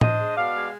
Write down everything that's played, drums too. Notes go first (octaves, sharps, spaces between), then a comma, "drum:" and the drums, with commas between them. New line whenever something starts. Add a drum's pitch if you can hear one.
D4 C5 D#5, drum: tom A2
G#3
B2 D5 F5
G#3